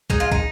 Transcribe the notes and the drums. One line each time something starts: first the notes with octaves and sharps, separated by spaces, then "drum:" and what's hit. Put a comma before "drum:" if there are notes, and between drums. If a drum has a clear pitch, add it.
G#3 D#4, drum: kick
F4
D#4, drum: kick